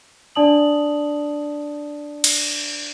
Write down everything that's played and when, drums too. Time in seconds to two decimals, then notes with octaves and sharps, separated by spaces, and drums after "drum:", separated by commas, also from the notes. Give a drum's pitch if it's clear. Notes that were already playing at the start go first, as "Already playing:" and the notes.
0.35 D4 D5 A5 D#6 F#7
2.24 drum: cymbal